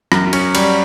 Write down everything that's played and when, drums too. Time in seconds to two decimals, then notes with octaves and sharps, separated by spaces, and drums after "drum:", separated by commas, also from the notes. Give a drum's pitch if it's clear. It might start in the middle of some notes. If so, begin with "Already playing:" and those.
0.12 F#2, drum: rim click
0.33 C#4, drum: cymbal
0.55 G3, drum: cymbal